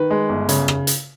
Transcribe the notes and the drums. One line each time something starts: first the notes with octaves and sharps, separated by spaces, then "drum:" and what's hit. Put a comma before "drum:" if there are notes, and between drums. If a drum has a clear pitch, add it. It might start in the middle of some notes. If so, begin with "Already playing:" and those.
Already playing: D#3 B4
G#3
G1
C#3, drum: hi-hat
drum: rim click
drum: hi-hat